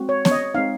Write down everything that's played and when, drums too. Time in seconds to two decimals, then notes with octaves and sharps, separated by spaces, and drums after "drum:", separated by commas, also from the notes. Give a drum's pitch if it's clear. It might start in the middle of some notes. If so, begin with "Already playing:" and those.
Already playing: G#3 C4 F#4
0.09 C#5
0.25 C#5, drum: snare B3
0.31 D#5
0.54 G#3 C4 D#4 F5